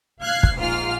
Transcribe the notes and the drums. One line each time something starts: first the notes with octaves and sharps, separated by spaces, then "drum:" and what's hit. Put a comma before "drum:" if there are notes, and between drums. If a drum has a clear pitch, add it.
F5 F#6 G#6 C7
drum: kick
A#1 G#2 F4 F6